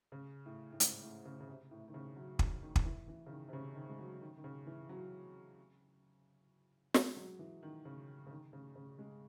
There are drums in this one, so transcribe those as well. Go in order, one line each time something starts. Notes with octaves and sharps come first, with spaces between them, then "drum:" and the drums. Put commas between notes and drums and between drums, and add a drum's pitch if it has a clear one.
C#3
A2
A2
G#2, drum: hi-hat
A2
C#3
C#3
C3
A2
D#3
C#3
F#3
D#3, drum: kick
D#3
drum: kick
E3
E3
C#3
D#3
C3
C#3
D#3
G#3
F#3
D#3
D#3
C#3
E3
F#3
G#3, drum: snare
F#3
E3
D#3
C#3
C#3
D#3
C#3
C#3
G#3